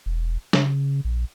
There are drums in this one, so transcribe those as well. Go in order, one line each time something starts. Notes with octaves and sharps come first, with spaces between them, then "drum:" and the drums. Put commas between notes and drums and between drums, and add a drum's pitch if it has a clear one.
E1
C#3, drum: snare
A#1